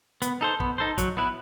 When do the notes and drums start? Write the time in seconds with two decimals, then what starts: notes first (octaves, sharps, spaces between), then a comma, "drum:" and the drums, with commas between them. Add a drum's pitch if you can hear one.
0.22 B3, drum: hi-hat
0.41 D#4 A4 C5
0.60 B3, drum: kick
0.78 D#4 A4 C5
0.98 F#3, drum: kick, hi-hat
1.17 B3 E4 B4